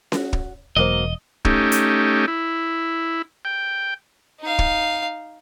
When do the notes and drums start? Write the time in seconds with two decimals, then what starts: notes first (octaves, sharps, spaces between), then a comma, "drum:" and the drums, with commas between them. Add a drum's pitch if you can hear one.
0.12 F#4, drum: snare C#4
0.33 drum: kick
0.77 E1 F#3 A#3 C5 D#5
1.45 A3 C#4 D#4 G4, drum: kick
1.72 drum: hi-hat
2.28 E4
3.45 G5
4.41 D#4 F5
4.59 drum: kick